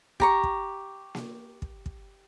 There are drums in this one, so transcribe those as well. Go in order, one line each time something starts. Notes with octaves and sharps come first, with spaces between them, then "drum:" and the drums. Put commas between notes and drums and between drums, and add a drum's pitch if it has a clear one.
G4 A#5 C#6, drum: kick
drum: kick
drum: snare A#3
drum: kick
drum: kick